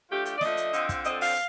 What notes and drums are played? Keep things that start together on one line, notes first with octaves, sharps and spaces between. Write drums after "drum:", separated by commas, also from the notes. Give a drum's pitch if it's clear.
F3 A3 D4 G4
G4, drum: hi-hat
D5
F3 A3 D4 D#5, drum: snare
drum: hi-hat
D3 F3 C4, drum: hi-hat
drum: kick, hi-hat
D3 F3 C4 D#5, drum: hi-hat
F5, drum: open hi-hat